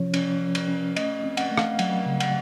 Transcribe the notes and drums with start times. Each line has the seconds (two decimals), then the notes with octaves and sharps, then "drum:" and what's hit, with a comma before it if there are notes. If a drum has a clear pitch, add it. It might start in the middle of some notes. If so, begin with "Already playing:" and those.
Already playing: C3 F3 C#4 C#5
0.14 C#4, drum: cymbal
0.41 F3
0.55 drum: cymbal
0.68 C#4
0.96 A3 D#5, drum: cymbal
1.24 C4
1.37 F#5, drum: cymbal
1.51 A3
1.58 F5, drum: rim click
1.79 F#3 F#5, drum: cymbal
2.06 C#3
2.20 F#5, drum: cymbal